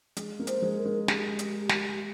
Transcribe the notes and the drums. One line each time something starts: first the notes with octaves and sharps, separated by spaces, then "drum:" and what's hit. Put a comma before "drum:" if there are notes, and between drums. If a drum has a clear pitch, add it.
G#3, drum: hi-hat
A#3
C5, drum: hi-hat
G#3
A#4
G#3
G#3 G4, drum: snare
drum: hi-hat
drum: snare